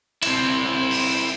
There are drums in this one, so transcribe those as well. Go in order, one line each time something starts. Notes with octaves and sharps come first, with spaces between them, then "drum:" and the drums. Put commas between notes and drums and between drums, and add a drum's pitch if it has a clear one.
C4 E4, drum: cymbal
drum: open hi-hat